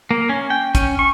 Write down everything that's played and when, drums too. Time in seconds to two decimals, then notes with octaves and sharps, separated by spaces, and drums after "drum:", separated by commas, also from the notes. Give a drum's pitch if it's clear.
0.11 A#3
0.29 C#4
0.50 G5
0.75 C#4, drum: kick, hi-hat
0.99 C#6